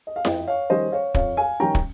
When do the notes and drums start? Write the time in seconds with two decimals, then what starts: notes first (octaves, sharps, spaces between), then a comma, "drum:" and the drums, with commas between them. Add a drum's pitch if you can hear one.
0.07 D#5
0.16 F5
0.25 F2 D#5 G5, drum: snare E4
0.48 C#5 F5
0.70 D#3 G3 C#4 C5 D#5
0.92 C#5 F5
1.14 F2 C#5 F5, drum: kick
1.37 F5 G#5
1.60 D#3 G3 C#4 G5 A#5
1.75 drum: kick